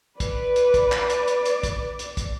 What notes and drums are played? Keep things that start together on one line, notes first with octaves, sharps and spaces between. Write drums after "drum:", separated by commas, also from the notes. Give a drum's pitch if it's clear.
B4 D5, drum: kick, hi-hat
drum: hi-hat
drum: kick, hi-hat
drum: clap
drum: hi-hat
drum: hi-hat
drum: hi-hat
drum: kick, hi-hat
drum: hi-hat
drum: kick, hi-hat